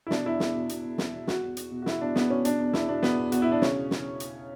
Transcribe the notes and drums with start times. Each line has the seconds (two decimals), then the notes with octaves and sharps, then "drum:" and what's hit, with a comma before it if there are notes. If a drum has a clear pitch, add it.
0.07 E4
0.11 B2 D4, drum: snare
0.26 E2 E4
0.40 E2, drum: snare
0.55 B2
0.69 B2, drum: hi-hat
0.84 E2
0.98 E2, drum: snare
1.14 B2
1.27 B2 F#4, drum: snare
1.42 E2
1.57 E2, drum: hi-hat
1.71 B2
1.82 F#4
1.86 B2 E4, drum: snare
2.01 E2 D4
2.15 E2 B3, drum: snare
2.30 B2 C#4
2.45 B2 D4, drum: hi-hat
2.60 E2
2.73 E2 E4, drum: snare
2.89 B2 D4
3.03 B2 B3, drum: snare
3.18 E2
3.32 E2 F#4, drum: hi-hat
3.42 E4
3.47 B2 D4
3.62 C#3 C#4, drum: snare
3.91 drum: snare
4.20 drum: hi-hat